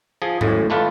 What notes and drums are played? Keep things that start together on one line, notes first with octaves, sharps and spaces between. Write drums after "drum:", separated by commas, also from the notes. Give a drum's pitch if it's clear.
F3 G#4
G#1 F#2 A2, drum: tom G#2
G#1 A3 F4 B4 D5